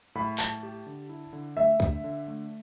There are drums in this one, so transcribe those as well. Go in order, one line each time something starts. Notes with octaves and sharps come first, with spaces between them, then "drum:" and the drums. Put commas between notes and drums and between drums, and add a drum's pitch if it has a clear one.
A2 B5
A2 A5, drum: clap
G4
D3
E4
D3
A3 E5
D3, drum: kick
D3
A3